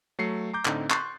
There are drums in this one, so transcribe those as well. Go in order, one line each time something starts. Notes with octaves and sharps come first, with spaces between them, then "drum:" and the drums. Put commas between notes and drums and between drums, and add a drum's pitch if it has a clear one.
F#3 A3 C7 C#7
A#5 D6 G6
A2 D3 C4 D#4, drum: clap
C6 C#6 F#6 G6 A6 C7, drum: clap